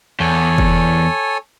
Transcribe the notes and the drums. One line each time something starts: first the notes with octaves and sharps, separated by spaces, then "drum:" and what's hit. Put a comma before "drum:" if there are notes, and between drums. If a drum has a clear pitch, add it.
E2 A4 C#5 G#5
drum: kick